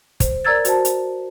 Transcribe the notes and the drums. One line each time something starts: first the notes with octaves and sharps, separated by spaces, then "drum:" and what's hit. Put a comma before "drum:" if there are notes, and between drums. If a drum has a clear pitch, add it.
C5, drum: kick, hi-hat
A#4 D5 A#5 E6 G#6 A6
F#4 C5 A5, drum: hi-hat
drum: hi-hat